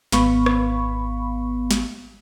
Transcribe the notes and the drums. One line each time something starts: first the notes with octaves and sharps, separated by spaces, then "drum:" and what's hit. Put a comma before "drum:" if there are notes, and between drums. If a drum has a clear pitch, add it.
G#1 B3 F5 B5 C#6, drum: snare
drum: rim click
drum: snare